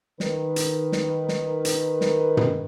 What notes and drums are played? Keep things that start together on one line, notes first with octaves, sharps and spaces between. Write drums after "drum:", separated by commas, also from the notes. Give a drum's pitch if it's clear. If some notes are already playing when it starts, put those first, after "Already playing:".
D#3 A#4 B4, drum: snare
drum: hi-hat
drum: snare
drum: snare
drum: hi-hat
drum: snare
drum: tom